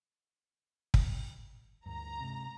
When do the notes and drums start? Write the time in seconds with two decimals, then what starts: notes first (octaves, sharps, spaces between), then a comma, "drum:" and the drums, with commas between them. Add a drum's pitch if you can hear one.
0.94 drum: kick
1.86 D2 G2 A#5
2.20 C3 G#3